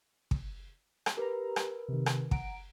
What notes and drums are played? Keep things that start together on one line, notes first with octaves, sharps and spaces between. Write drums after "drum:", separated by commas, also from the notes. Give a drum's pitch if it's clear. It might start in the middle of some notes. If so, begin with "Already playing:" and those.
drum: kick
drum: rim click
G4 A#4 B4 A#5
drum: rim click
C3 D#3
drum: rim click
F#5 A#5 D7, drum: kick